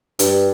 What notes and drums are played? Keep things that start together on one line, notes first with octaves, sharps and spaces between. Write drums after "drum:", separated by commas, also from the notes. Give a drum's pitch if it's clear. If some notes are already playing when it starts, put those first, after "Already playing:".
G2, drum: hi-hat